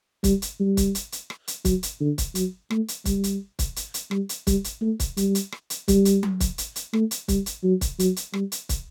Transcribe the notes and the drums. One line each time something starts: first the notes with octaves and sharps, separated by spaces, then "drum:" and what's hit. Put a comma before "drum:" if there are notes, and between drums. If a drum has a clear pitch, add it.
G3, drum: kick, hi-hat
drum: hi-hat
G3
drum: kick, hi-hat
drum: hi-hat
drum: hi-hat
drum: rim click
drum: hi-hat
F#3, drum: kick, hi-hat
drum: hi-hat
D3
drum: kick, hi-hat
F#3, drum: hi-hat
A3, drum: rim click
drum: hi-hat
G3, drum: kick, hi-hat
drum: hi-hat
drum: kick, hi-hat
drum: hi-hat
drum: hi-hat
G3, drum: rim click
drum: hi-hat
G3, drum: kick, hi-hat
drum: hi-hat
A3
drum: kick, hi-hat
G3, drum: hi-hat
drum: hi-hat
drum: rim click
drum: hi-hat
G3, drum: kick, hi-hat
drum: hi-hat
drum: tom F#3
drum: kick, hi-hat
drum: hi-hat
drum: hi-hat
A3, drum: rim click
drum: hi-hat
G3, drum: kick, hi-hat
drum: hi-hat
F#3
drum: kick, hi-hat
F#3, drum: hi-hat
drum: hi-hat
G3, drum: rim click
drum: hi-hat
drum: kick, hi-hat